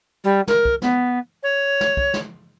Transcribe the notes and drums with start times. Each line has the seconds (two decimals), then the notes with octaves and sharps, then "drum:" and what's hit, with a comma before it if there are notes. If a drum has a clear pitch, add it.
0.24 G3
0.48 A#4, drum: snare
0.65 drum: kick
0.82 B3, drum: snare
1.43 C#5
1.81 drum: snare
1.97 drum: kick
2.14 drum: snare